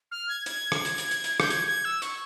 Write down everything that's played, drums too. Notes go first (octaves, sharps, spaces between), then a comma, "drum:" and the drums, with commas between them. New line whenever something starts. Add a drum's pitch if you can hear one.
F6
G#6
G#6, drum: hi-hat
drum: rim click
drum: hi-hat
drum: hi-hat
drum: hi-hat
drum: hi-hat
G6, drum: rim click
G#6, drum: hi-hat
G#6
E6
C#6, drum: hi-hat